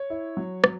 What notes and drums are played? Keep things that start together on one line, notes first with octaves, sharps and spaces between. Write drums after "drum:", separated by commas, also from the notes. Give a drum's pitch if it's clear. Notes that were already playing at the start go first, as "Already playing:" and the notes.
Already playing: C#5
E4
F#3
F#3, drum: rim click